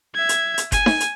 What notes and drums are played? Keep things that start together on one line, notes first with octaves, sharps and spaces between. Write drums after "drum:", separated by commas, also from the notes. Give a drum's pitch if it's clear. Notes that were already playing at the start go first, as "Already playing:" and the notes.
E5 G#6
drum: hi-hat
drum: hi-hat
G#5, drum: kick F#1, hi-hat
drum: snare D#4
drum: hi-hat